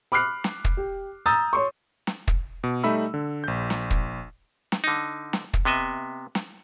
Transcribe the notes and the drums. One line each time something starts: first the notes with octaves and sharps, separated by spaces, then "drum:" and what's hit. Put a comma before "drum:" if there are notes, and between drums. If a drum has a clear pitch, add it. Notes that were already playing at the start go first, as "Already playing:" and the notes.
B5 D6 F6 F#6 C7
drum: snare
drum: kick
G4
A#5 D#6 E6 G6 A6
C#5 C6 C#6
drum: snare
drum: kick
B2
G3 A3 D#4 E5 B5 E6
D3
A#1 G6
drum: snare
drum: kick
drum: snare
D3 D#4
drum: snare
drum: kick
C3 B3 D#5 E5
drum: snare